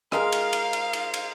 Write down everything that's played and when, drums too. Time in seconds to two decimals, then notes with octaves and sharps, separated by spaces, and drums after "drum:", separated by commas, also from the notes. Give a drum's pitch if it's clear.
0.12 G#3 A#4 F5, drum: rim click
0.32 drum: cymbal
0.53 drum: cymbal
0.73 drum: cymbal
0.93 drum: cymbal
1.14 drum: cymbal